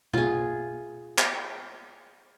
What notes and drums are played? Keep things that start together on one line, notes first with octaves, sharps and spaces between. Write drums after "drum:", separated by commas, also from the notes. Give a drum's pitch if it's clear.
F4 G#4, drum: tom B2
drum: clap